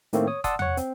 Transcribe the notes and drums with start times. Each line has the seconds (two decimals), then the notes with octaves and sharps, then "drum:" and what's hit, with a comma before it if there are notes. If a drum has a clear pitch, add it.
0.13 A2 D#3 A3 A#3 C4, drum: hi-hat
0.27 C#5 D#6
0.44 D5 F#5 A5 C6 D#6 E6, drum: kick F1, hi-hat
0.59 C#5 F#5, drum: tom
0.77 C4, drum: hi-hat